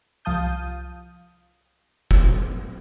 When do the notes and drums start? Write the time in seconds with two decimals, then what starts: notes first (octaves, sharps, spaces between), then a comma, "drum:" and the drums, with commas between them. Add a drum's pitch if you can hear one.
0.25 C2 F3 F5 A5 D#6 G6
2.11 drum: kick F1